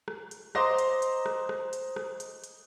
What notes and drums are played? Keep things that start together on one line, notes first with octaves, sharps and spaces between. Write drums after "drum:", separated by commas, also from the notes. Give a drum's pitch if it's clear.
drum: rim click
drum: hi-hat
C5 D#5 A#5 C6 D6 A#6, drum: rim click
drum: hi-hat
drum: hi-hat
drum: rim click
drum: rim click
drum: hi-hat
drum: rim click
drum: hi-hat
drum: hi-hat